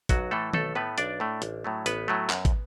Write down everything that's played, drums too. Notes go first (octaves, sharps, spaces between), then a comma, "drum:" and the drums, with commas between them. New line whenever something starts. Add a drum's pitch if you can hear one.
B1 F#3 F#4, drum: kick, hi-hat
A2 E3 A3 A4
B1 A3 A4, drum: tom D#3
A2 A3 B3 B4
B1 D4 D5, drum: hi-hat
A2 A3
A1, drum: hi-hat
A2 F#3 A3
A1 B3 B4, drum: hi-hat
A2 F#3 A3
F#2, drum: clap
drum: kick, hi-hat